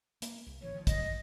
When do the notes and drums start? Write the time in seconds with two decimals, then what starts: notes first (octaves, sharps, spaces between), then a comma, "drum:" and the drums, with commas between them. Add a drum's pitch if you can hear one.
0.22 A#3, drum: hi-hat
0.46 C2
0.62 A1 E3 C#5
0.74 D#3 F3
0.87 D#5, drum: kick, hi-hat